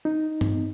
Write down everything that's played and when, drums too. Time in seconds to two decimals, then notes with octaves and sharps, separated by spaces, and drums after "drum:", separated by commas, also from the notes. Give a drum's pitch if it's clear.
0.05 D#4
0.41 drum: tom G2